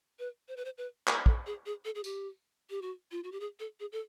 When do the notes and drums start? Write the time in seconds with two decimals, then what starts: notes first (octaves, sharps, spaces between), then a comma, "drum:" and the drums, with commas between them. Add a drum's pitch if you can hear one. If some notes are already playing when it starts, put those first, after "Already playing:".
0.19 B4
0.48 C5
0.57 B4
0.65 C5
0.78 B4
1.07 A#4, drum: clap
1.26 A4, drum: kick
1.46 G#4
1.66 G#4
1.85 A4
1.95 G#4
2.04 G4, drum: tambourine
2.70 G4
2.82 F#4
3.11 F4
3.24 F#4
3.32 G4
3.40 G#4
3.60 A4
3.80 G#4
3.92 A4